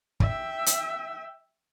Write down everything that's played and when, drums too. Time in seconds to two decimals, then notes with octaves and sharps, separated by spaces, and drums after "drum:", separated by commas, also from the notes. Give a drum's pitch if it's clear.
0.20 E5 G5, drum: kick
0.66 drum: hi-hat